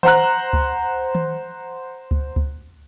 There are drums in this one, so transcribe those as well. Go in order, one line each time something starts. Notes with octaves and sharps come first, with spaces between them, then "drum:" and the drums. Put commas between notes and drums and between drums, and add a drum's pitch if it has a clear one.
C5 F#5 A#5 F#6, drum: tom D#3
drum: kick C#2
drum: tom D#3
drum: kick C#2
drum: kick C#2